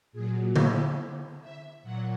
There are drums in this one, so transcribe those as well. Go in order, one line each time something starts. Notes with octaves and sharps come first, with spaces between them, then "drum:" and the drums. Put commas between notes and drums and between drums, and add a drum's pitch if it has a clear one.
A#2 F#3 G#4
E5, drum: tom D3
E5
A#2 F#3 F#5